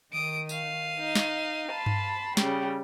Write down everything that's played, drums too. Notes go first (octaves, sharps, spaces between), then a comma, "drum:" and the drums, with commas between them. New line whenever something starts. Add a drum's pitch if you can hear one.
D#3 D#6 D7
F5 D#7, drum: tambourine
D#4
drum: snare
A5 B5 C6
drum: tom G2
C#3 G3, drum: snare